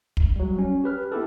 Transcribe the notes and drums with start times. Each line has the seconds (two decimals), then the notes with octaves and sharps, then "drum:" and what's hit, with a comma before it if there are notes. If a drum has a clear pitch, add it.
0.17 drum: kick
0.36 F#3 G3
0.58 C#4
0.84 G4 B4 F6
1.12 B3 E4 G4 A4